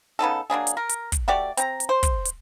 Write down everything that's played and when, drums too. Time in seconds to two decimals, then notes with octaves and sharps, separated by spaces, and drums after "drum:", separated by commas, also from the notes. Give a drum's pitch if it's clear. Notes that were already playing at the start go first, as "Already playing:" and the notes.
0.19 C#3 B3 D#4 A4
0.50 F#3 A#3 D4 G#4
0.67 drum: hi-hat
0.77 A#4
0.89 drum: hi-hat
1.12 drum: kick, hi-hat
1.28 A3 F#4 G4 D5
1.57 C4 A#5, drum: hi-hat
1.80 drum: hi-hat
1.89 C5
2.03 drum: kick, hi-hat
2.25 drum: hi-hat